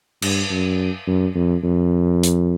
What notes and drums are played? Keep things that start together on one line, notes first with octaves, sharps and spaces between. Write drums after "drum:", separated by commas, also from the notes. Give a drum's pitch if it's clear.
G2, drum: cymbal
F#2
F#2
F2
F2
drum: hi-hat